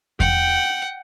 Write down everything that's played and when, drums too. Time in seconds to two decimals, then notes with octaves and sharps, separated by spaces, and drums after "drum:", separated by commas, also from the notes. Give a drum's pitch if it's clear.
0.20 F#5 G5, drum: kick E2